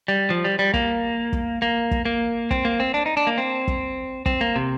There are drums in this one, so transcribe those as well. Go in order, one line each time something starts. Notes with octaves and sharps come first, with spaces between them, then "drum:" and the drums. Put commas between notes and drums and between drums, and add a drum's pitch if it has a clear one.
G3
F3
G3
G3
A#3, drum: kick
drum: kick
A#3
drum: kick
A#3
C4, drum: kick
A#3
C4
D4
D#4
D4
A#3
C4
drum: kick
C4, drum: kick
A#3
C3